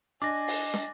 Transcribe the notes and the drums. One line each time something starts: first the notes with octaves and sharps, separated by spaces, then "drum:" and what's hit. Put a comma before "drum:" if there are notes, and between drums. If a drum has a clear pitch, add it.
D4 D#5 G#5 D6 A#6
drum: open hi-hat
drum: snare